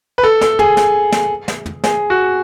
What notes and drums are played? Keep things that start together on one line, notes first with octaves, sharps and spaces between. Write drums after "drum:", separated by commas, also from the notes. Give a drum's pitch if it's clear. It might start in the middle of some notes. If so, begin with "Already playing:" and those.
B4
A4
A4, drum: snare
G#4, drum: tom
drum: snare
drum: snare
drum: snare
drum: tom
G#4, drum: snare
F#4